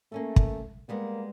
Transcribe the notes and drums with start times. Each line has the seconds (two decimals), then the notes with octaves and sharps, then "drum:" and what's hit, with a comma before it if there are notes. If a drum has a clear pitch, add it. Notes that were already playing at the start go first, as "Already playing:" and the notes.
0.12 A3 A#3 C#4 A4
0.36 drum: kick
0.89 G3 G#3 A#3 B3